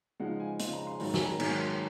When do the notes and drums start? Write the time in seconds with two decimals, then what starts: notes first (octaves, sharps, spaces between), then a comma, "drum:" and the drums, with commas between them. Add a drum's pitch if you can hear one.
0.20 C#3 F3 G#3 D#4 F#5
0.40 G#5
0.59 C#3 F3 G#3 D#4 C6, drum: hi-hat
0.73 A#5
0.87 C6
1.00 G#2 D#3 F#3 A#5, drum: open hi-hat
1.14 G#5, drum: snare
1.26 A#5
1.40 G#2 D#3 F#3 G#5, drum: cymbal
1.60 C6